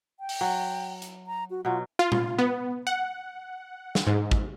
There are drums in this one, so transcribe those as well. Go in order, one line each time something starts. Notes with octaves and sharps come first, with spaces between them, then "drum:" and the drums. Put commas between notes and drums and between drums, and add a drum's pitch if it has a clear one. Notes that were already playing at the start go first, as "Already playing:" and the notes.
G5
drum: open hi-hat
F#3
drum: hi-hat
A#5
F#4
B2 F#3 F4
F4
drum: tom A#2
B3
F#5
drum: snare
G#2
drum: kick